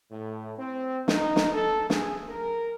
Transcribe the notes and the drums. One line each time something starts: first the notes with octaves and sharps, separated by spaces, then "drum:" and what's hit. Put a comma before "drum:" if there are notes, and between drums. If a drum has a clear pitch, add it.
A2
C4
D#4, drum: snare
drum: snare
A4
G#4, drum: snare
A#4